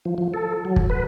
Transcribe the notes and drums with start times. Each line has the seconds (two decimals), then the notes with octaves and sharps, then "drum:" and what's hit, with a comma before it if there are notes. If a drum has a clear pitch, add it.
0.05 F3
0.18 F3
0.34 A4
0.65 F#3
0.76 drum: kick
0.90 B4